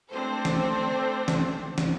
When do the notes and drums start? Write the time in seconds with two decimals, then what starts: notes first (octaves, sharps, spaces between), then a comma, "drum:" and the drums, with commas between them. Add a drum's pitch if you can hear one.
0.12 A3 C4 D4 A4 C5
0.45 drum: snare
1.28 drum: snare
1.78 drum: snare